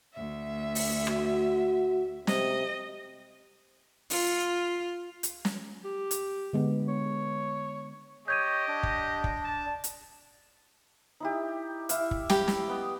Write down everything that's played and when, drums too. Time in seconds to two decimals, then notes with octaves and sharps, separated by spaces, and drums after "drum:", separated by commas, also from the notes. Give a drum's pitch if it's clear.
0.13 D2 E5
0.75 drum: open hi-hat
1.07 F#4, drum: rim click
2.27 C3 D#5, drum: snare
4.10 F4, drum: open hi-hat
5.23 drum: hi-hat
5.45 drum: snare
5.84 G4
6.11 drum: hi-hat
6.53 D3 G#3 B3
6.88 C#5
8.28 G4 C#5 D#5 G6 G#6 D#7
8.68 D4
8.83 drum: kick
9.24 drum: kick
9.44 A5
9.84 drum: hi-hat
11.20 D#4 E4 G4
11.89 E4 E5 F5, drum: hi-hat
12.11 drum: kick
12.30 G4 B5, drum: snare
12.48 drum: snare
12.68 B3 D#5